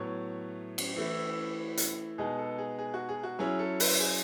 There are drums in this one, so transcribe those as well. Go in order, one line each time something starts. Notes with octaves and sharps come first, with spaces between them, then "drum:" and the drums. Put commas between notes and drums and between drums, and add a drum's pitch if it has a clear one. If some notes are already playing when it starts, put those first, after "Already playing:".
Already playing: A2 F#3 B3 C#5
drum: cymbal
E3 A3 E4
drum: hi-hat
B2 G#3 B3 D#4 G#4
A4
G#4
G#4
F#4
G#4
F#4
F#3 C#4 E4 G#4
A4
B4, drum: open hi-hat
G#4